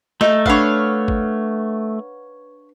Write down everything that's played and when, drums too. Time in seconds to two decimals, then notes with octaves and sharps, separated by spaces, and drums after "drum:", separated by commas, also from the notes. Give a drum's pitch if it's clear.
0.21 A3 D#4, drum: snare
0.46 D4 B4 C#5 F5 F#5, drum: kick
1.08 drum: kick